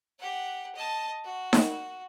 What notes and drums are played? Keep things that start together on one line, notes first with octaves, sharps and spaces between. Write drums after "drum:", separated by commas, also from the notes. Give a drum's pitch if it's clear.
G4 F#5
D#5 A5
F#4
drum: snare D#4